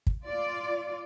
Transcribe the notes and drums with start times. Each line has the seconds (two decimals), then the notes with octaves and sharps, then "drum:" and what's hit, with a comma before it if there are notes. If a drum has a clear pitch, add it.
0.07 drum: kick
0.25 F4 D5